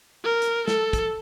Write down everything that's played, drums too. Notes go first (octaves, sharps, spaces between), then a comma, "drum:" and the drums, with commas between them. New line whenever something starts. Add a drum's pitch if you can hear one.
A#4
drum: hi-hat
A4, drum: snare
drum: kick, hi-hat